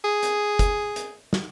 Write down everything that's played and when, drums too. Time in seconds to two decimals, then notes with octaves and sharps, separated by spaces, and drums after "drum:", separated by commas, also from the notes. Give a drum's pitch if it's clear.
0.04 G#4
0.23 drum: hi-hat
0.59 drum: kick, hi-hat
0.96 drum: hi-hat
1.33 drum: snare